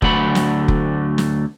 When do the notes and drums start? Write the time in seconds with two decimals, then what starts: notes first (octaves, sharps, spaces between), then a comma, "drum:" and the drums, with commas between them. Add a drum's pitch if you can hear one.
0.02 D2 D3 F#3 A3 F#5 B5, drum: kick F1
0.35 drum: snare
0.68 drum: kick F1
1.18 drum: snare